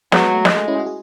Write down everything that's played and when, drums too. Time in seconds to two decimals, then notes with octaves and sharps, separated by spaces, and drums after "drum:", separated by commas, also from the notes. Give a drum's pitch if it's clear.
0.12 F#3 G#3 B3, drum: snare
0.24 G#3
0.35 A3
0.45 G#3 A3, drum: snare
0.56 A3
0.68 C#4 E4
0.79 F#4
0.86 G#4